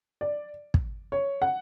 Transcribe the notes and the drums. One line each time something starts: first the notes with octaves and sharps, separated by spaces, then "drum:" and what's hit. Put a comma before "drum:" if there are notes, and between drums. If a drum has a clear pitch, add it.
D5
drum: kick
C#5
F#5